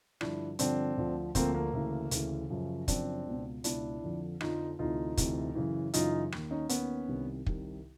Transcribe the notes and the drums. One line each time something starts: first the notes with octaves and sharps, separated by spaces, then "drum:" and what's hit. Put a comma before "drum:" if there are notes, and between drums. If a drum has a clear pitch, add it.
G2 D3 F3 D4 E4, drum: rim click
G2 D3 F3 C4 D4, drum: hi-hat
D2 D3 F3
D2 D3 F3 A#3 C4, drum: kick, hi-hat
A#3
D2 C#3 E3
D2 C#3 E3, drum: hi-hat
F#2 C#3 F3
F#2 C#3 F3 C4 D4, drum: kick, hi-hat
C#2 B2
C#2 B2 D4 E4, drum: hi-hat
F2 D3 F3
F2 D3 F3 D#4 F4, drum: rim click
D2 C3 E3 D#4 F4
D2 C3 E3, drum: kick, hi-hat
F#2 C#3 E3
F#2 C#3 E3 D#4 F4, drum: hi-hat
D#2 D#3, drum: rim click
C#4 D#4
D#2 D#3 B3 C#4, drum: hi-hat
C2 C3 D#3
C2 C3 D#3, drum: kick